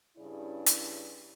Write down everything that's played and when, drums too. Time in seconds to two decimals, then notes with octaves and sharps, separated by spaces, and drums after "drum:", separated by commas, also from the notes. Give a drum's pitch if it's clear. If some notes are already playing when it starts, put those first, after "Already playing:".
0.17 G2 C#3 C#4 E4 G#4 D5
0.66 drum: hi-hat